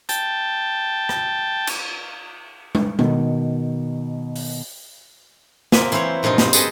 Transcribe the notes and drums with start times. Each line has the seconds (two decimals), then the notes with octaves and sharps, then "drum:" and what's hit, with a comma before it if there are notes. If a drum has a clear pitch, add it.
0.09 G5 A5, drum: hi-hat
1.09 drum: rim click
1.67 drum: cymbal
2.75 drum: tom G#3
2.99 B2 D#3, drum: tom G#3
4.36 drum: open hi-hat
5.72 A#3 C4 E5 G#5, drum: snare
5.92 E3 C4 E4 C5 C#5, drum: hi-hat
6.23 G2 A#2 F3 C4 D#4
6.38 G3 C4 C5, drum: snare
6.53 G#4 A4 B4 D#5 G5 A5, drum: tambourine